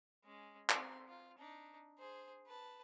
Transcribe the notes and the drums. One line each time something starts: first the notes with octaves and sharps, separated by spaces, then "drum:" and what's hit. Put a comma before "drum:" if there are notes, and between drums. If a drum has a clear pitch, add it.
G#3 C#4
C4 C6, drum: clap
F4
D4 D#4
G#4 C5
B4 A5